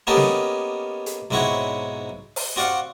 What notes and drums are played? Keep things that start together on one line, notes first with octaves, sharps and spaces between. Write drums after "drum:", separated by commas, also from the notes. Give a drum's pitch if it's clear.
A#3 B3 C#4 D#4 G4 A4
drum: snare
drum: hi-hat
B1 G#2 C4 E4 F#4 C#5
drum: open hi-hat
C4 F#4 D5 F5 F#5